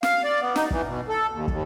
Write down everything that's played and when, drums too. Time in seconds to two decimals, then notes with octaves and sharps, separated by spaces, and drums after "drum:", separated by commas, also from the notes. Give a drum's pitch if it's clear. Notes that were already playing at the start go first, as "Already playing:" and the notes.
0.03 F5, drum: snare
0.24 D5
0.41 B3
0.56 D#4, drum: snare
0.71 E3, drum: kick
0.87 B2
1.09 A4
1.31 D#2
1.48 D#2, drum: kick